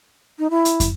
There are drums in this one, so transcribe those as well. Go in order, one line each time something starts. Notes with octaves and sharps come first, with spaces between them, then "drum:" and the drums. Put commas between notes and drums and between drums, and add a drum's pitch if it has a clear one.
D#4
E4
drum: hi-hat
drum: kick, hi-hat